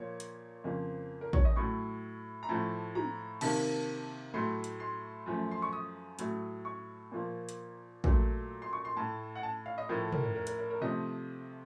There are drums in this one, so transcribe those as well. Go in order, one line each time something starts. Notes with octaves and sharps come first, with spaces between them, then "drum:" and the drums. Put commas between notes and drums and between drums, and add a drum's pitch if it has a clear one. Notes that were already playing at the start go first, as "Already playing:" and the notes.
Already playing: A#2 F3 A#3 C#5
drum: hi-hat
F2 C#3 F3 A#3
A#4
C#5, drum: kick
D#5
A2 F#3 A3 C#6
A#5
A2 F3 A3 A5
A#5, drum: tom
C3 D#3 A#3 A5, drum: cymbal
A2 F#3 A3 C6
drum: hi-hat
C6
F#2 F3 A3
C6
C#6
D#6
A2 F#3 A3, drum: hi-hat
C#6
A#2 F3 A#3
drum: hi-hat
A#2 F#3 A3, drum: kick
C6
C#6
C6
A2 A3 A5
F#5
A5
F5
D#5
A2 F3 A3 A#4
A4
A#4, drum: tom
A#4
A#4
A#4, drum: hi-hat
A#4
A#4
C3 F3 A3 D#5